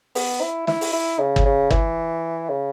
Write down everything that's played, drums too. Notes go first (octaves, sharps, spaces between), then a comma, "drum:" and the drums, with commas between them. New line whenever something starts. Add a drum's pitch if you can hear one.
B3, drum: open hi-hat
E4
E4, drum: snare
drum: open hi-hat
E4
C#3
drum: kick
C#3
E3, drum: kick
C#3